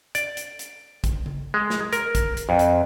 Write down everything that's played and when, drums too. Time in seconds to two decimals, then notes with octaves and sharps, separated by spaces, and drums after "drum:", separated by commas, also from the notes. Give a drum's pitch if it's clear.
0.15 D5, drum: hi-hat
0.37 drum: hi-hat
0.59 drum: hi-hat
1.04 drum: kick, hi-hat
1.26 drum: tom C#3
1.54 G#3
1.70 drum: snare
1.93 A#4, drum: hi-hat
2.15 drum: kick, hi-hat
2.37 drum: hi-hat
2.49 F2
2.59 drum: hi-hat